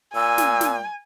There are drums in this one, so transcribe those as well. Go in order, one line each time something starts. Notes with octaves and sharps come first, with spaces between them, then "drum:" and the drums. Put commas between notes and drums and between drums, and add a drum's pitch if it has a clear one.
A#2 G#5 E6
drum: snare
drum: snare